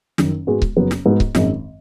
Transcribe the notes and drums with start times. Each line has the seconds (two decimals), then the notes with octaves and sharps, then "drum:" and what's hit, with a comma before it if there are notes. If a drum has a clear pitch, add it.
0.18 F#1 F#2 D#3, drum: snare
0.47 G#2 G#3 B3 F#4
0.62 drum: kick C#1
0.77 F#1 F#2 C#3 F#3 B3
0.91 drum: snare
1.05 G#2 G#3 B3 F#4
1.20 drum: kick C#1
1.35 G#1 F#2 D#3 G#3, drum: snare